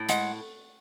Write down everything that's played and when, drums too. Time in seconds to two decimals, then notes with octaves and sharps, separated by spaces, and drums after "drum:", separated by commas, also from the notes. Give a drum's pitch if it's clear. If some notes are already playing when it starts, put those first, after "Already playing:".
Already playing: A2
0.09 G#3 F#5, drum: hi-hat